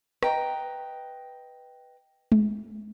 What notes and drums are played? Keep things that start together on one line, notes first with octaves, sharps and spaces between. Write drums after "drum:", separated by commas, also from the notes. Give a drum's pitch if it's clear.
B4 D#5 G5 A#5, drum: rim click
drum: tom G#3